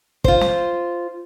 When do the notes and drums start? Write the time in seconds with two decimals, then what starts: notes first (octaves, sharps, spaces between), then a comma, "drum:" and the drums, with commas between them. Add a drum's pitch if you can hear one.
0.24 F4 C5, drum: kick
0.41 drum: snare